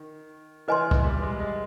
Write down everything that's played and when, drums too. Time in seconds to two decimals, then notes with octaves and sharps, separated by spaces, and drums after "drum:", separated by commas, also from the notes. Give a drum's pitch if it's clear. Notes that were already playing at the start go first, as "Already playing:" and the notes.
Already playing: D#3
0.68 E3 B4 D#5 G#5 C6
0.91 drum: kick
1.04 G3
1.22 G#3
1.40 G#3